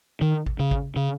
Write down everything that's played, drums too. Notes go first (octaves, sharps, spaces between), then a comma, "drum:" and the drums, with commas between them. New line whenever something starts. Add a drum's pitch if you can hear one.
D#3
drum: kick G#1
C#3
drum: kick G#1
C#3